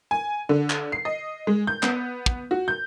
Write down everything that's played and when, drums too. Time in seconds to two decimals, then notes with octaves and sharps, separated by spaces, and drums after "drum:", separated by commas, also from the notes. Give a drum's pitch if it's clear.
0.11 G#5
0.49 D3
0.70 drum: clap
0.92 C7
1.05 D#5
1.47 G#3
1.67 G6
1.83 B3, drum: clap
2.26 drum: kick
2.51 F#4
2.68 G6